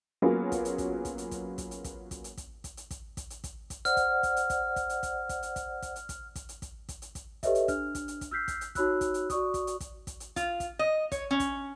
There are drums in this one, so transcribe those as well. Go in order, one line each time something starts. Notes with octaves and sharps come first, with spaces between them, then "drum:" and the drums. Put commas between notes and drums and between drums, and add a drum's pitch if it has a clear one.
F#3 A#3 B3 C#4 F4 G#4
drum: kick, hi-hat
drum: hi-hat
drum: kick, hi-hat
drum: kick, hi-hat
drum: hi-hat
drum: kick, hi-hat
drum: kick, hi-hat
drum: hi-hat
drum: kick, hi-hat
drum: kick, hi-hat
drum: hi-hat
drum: kick, hi-hat
drum: kick, hi-hat
drum: hi-hat
drum: kick, hi-hat
drum: kick, hi-hat
drum: hi-hat
drum: kick, hi-hat
drum: kick, hi-hat
C5 D5 F#5 F6, drum: hi-hat
drum: kick, hi-hat
drum: kick, hi-hat
drum: hi-hat
drum: kick, hi-hat
drum: kick, hi-hat
drum: hi-hat
drum: kick, hi-hat
drum: kick, hi-hat
drum: hi-hat
drum: kick, hi-hat
drum: kick, hi-hat
drum: hi-hat
drum: kick, hi-hat
drum: kick, hi-hat
drum: hi-hat
drum: kick, hi-hat
drum: kick, hi-hat
drum: hi-hat
drum: kick, hi-hat
G4 A4 B4 C#5 D#5 E5, drum: kick, hi-hat
drum: hi-hat
D4 F6, drum: kick, hi-hat
drum: kick, hi-hat
drum: hi-hat
drum: kick, hi-hat
E6 F6 G6 B6 C7
drum: kick, hi-hat
drum: hi-hat
D#4 F#4 C#5 B5 E6 F#6, drum: kick, hi-hat
drum: kick, hi-hat
drum: hi-hat
F#4 D5 C#6 D#6, drum: kick, hi-hat
drum: kick, hi-hat
drum: hi-hat
drum: kick, hi-hat
drum: kick, hi-hat
drum: hi-hat
F4, drum: kick, hi-hat
drum: kick, hi-hat
D#5
C#5, drum: kick, hi-hat
C#4
drum: kick, hi-hat